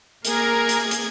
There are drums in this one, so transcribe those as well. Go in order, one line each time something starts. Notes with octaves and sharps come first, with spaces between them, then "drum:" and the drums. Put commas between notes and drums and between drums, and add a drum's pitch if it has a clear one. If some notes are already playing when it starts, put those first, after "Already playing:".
A#3 G#4 A#4 G#6, drum: hi-hat
drum: hi-hat
drum: hi-hat